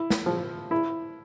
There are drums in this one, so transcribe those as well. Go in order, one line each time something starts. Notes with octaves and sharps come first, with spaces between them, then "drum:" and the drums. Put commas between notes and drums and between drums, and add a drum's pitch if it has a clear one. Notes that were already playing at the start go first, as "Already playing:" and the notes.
Already playing: E4
drum: snare
F3
E4